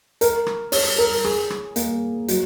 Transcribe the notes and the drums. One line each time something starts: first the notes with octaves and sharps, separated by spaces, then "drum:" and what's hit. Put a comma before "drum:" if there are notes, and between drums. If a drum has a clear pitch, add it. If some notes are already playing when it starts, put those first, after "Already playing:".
A#4, drum: hi-hat
drum: rim click
C#5, drum: open hi-hat
A#4
G#4, drum: rim click
drum: rim click
A#3, drum: hi-hat
F#3, drum: hi-hat